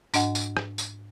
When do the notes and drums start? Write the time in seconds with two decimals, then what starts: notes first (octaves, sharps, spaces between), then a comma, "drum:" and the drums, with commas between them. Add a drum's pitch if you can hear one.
0.14 G#2 D4 D#5 F#5 G#5, drum: tambourine
0.35 drum: tambourine
0.57 drum: rim click
0.78 drum: tambourine